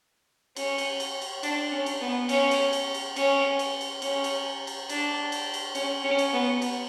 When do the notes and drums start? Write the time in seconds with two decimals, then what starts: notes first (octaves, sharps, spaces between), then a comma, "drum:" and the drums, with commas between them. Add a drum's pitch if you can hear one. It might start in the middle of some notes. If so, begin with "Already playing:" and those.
0.56 C#4, drum: cymbal
0.78 drum: cymbal
1.00 drum: cymbal
1.22 drum: cymbal
1.43 D4, drum: cymbal
1.72 C#4
1.86 drum: cymbal
2.01 B3
2.29 C#4, drum: cymbal
2.51 drum: cymbal
2.73 drum: cymbal
2.94 drum: cymbal
3.16 C#4, drum: cymbal
3.59 drum: cymbal
3.81 drum: cymbal
4.02 C#4, drum: cymbal
4.24 drum: cymbal
4.67 drum: cymbal
4.89 D4, drum: cymbal
5.32 drum: cymbal
5.54 drum: cymbal
5.75 C#4, drum: cymbal
6.04 C#4
6.19 drum: cymbal
6.33 B3
6.62 drum: cymbal